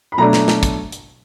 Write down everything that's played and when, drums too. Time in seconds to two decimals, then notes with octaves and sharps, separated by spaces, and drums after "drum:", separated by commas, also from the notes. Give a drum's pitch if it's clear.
0.12 B5
0.18 B2 F#3 A3 D4 A#5
0.33 drum: snare
0.48 drum: snare
0.63 drum: kick, hi-hat
0.92 drum: hi-hat